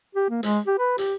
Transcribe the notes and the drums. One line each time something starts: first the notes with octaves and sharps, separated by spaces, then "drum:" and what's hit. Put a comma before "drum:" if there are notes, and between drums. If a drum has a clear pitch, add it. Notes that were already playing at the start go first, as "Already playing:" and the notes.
G4
A#3
G#3, drum: hi-hat
G4
B4
G4, drum: hi-hat